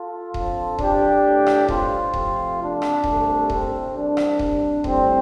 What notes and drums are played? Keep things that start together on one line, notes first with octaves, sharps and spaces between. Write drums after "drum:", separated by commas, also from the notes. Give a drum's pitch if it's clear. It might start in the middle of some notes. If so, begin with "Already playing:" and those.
Already playing: F4 A4
F2 D3 F3, drum: kick D#1
D4 G4, drum: kick D#1
A2 G3
drum: rim click
C4 F4, drum: kick D#1
F2 C3 A3, drum: kick D#1
D4
drum: rim click
C2 C3 A3, drum: kick D#1
C4, drum: kick D#1
C2 C3 G3 D4
drum: rim click
drum: kick D#1
A2 G3 C4, drum: kick D#1